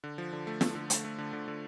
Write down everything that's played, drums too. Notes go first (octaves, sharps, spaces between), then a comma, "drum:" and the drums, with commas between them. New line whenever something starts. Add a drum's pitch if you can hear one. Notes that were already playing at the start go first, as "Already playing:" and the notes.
D3
F3
D3
A3
A3, drum: snare
D3
A3, drum: hi-hat
A3
D3
D3
D3